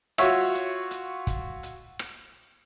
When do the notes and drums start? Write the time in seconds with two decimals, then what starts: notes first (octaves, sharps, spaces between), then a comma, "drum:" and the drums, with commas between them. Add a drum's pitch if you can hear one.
0.18 F4 F#4 C#5 E5, drum: rim click
0.55 drum: hi-hat
0.91 drum: hi-hat
1.27 drum: kick, hi-hat
1.63 drum: hi-hat
1.99 drum: rim click